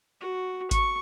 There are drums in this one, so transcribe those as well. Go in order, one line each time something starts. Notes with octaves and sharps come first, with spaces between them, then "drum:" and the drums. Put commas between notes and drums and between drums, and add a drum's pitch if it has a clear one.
F#4
C#6, drum: kick G#1, hi-hat